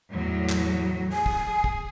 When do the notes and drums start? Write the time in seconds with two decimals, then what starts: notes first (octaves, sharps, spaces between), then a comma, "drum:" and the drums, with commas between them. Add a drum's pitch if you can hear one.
0.11 E2 A2 F#3
0.49 drum: clap
1.13 G#4 G#5
1.26 drum: kick
1.64 drum: kick